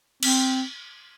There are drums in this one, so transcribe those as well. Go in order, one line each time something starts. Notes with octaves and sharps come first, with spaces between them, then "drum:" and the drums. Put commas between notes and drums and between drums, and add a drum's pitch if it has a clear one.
C4, drum: cymbal